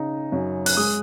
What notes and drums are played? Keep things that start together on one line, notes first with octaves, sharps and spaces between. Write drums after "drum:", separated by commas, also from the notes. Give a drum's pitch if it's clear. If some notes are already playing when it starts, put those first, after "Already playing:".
Already playing: C#3 D#4
F#2
F#6, drum: open hi-hat
G#3 D#6